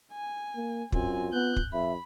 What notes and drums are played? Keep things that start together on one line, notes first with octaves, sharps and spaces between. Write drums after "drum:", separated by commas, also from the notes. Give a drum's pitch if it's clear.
G#5
A#3
F#2 C4 F4 G#5, drum: kick
B3 F#6 G6
drum: kick
F2 E5 B5